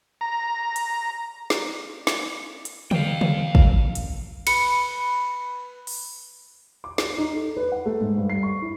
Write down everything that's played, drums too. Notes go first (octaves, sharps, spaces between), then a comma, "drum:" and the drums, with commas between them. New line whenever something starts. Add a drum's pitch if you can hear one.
A#5
drum: hi-hat
drum: snare
drum: snare
drum: hi-hat
F5 G5, drum: tom
drum: tom
drum: kick
drum: hi-hat
B4 C#7, drum: cymbal
drum: open hi-hat
D6
C7, drum: snare
D#4
A4
B4
F#5
A3
G#2
G2
C7
C#6
E4